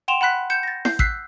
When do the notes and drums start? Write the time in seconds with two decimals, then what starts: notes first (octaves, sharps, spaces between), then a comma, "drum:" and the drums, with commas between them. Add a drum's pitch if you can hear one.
0.08 F#5 G5 C6 E7 F7
0.21 F#5 B5 F#6 B6
0.50 G6 C#7 E7
0.63 A6 A#6
0.85 G6 C7, drum: snare E4
0.99 E6 F#6 B6 C7, drum: kick A1